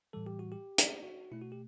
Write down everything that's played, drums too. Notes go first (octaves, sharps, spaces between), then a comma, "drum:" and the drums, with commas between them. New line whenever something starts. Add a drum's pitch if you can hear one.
A2 E3 G3 A4
G4
F#4
G4
drum: hi-hat
F#4
B2 A3 E4
F#4
G4